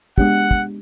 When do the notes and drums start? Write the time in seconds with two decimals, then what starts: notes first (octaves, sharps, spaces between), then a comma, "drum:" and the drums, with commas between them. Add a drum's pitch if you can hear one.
0.18 G#3 B3 D4 G4 F#5, drum: kick
0.51 drum: kick